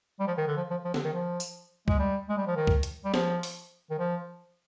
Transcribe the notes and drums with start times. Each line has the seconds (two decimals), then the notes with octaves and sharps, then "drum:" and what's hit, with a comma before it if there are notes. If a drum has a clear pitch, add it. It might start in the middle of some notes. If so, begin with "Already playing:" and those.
0.20 G3
0.27 F3
0.37 D#3
0.47 D3
0.57 F3
0.70 F3
0.85 F3
0.94 D3, drum: snare
1.04 D#3
1.13 F3
1.40 drum: tambourine
1.88 G#3, drum: kick C#2
1.99 G3
2.29 G#3
2.37 G3
2.47 F3
2.56 D#3
2.67 drum: kick C#2
2.83 drum: hi-hat
3.05 G3
3.14 F3, drum: snare
3.43 drum: open hi-hat
3.90 D#3
3.99 F3